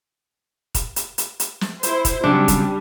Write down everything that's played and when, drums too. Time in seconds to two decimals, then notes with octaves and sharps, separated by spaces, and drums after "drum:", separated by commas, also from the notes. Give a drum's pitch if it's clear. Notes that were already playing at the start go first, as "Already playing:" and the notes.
0.75 drum: kick, hi-hat
0.96 drum: hi-hat
1.18 drum: hi-hat
1.40 drum: hi-hat
1.61 drum: snare
1.83 E4 C5, drum: hi-hat
2.05 drum: kick, hi-hat
2.24 C#3 F#3 G3 C4 D4
2.48 drum: kick, hi-hat